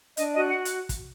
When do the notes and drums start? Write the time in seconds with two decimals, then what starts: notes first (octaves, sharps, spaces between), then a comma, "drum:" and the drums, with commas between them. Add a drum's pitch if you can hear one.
0.17 D4 D#5, drum: hi-hat
0.35 F#4 D#5
0.48 F#5
0.65 drum: hi-hat
0.89 drum: kick, hi-hat